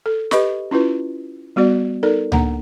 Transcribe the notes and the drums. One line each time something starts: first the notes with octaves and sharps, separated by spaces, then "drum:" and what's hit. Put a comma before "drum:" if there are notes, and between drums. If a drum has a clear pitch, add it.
A4
G4 B4 D#5 B5 C#6, drum: snare
C#4 E4 F4 B4
G3 B3 F#4 D5
D#4 A4 A#4 D5
A#3 D4 F#5 A#5, drum: tom C#2